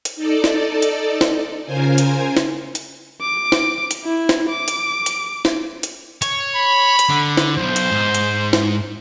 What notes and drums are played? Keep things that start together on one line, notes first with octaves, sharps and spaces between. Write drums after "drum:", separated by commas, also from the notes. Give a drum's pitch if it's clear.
drum: hi-hat
D#4 A4 D5
drum: snare
drum: hi-hat
drum: snare
C#3 F4 A#4 C5 G#5
drum: hi-hat
drum: snare
drum: hi-hat
D6
drum: snare
drum: hi-hat
E4
drum: snare
D6
drum: hi-hat
drum: hi-hat
drum: snare
drum: hi-hat
C#5, drum: hi-hat
B5
drum: hi-hat
D3
drum: snare
B1 C5
drum: hi-hat
G#2
drum: hi-hat
drum: snare